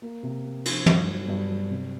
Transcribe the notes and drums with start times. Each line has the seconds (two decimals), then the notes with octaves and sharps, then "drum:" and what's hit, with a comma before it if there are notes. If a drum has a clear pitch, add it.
0.02 A#3
0.23 C3
0.44 A#3
0.65 F3, drum: cymbal
0.86 G2, drum: tom
1.07 F#3
1.28 G2
1.49 F#3
1.70 C3